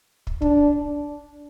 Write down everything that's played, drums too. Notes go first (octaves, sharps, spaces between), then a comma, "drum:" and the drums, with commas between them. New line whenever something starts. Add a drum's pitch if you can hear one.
drum: kick
D4, drum: kick